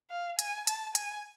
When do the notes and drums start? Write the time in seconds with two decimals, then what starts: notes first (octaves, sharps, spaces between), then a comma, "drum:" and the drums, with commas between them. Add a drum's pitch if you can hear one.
0.10 F5
0.39 G#5, drum: hi-hat
0.67 A5, drum: hi-hat
0.95 G#5, drum: hi-hat